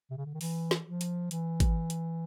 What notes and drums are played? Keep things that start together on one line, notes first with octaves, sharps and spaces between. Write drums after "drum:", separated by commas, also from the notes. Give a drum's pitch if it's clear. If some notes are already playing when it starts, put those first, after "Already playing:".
C3
C#3
D3
D#3
E3, drum: open hi-hat
drum: snare
F3
drum: hi-hat
E3, drum: hi-hat
drum: kick G#1, hi-hat
drum: hi-hat